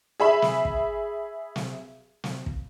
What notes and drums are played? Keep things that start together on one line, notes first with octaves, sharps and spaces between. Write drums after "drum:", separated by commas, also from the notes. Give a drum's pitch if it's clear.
G#4 E5 B5
drum: snare
drum: kick
drum: snare
drum: snare
drum: kick